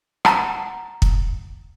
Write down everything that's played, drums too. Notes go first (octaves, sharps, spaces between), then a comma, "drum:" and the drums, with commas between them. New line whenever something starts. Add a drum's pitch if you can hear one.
F#5 A5 A#5, drum: rim click
drum: kick